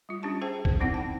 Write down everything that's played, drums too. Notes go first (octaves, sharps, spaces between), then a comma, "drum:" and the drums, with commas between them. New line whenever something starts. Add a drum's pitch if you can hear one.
G3 F4
G3 C#4 D4 G4 A5 C#6
G#4 C5 E5 G5 A5
C5, drum: kick
F#3 B3 C4 D#4 E4 F#5
G5 A5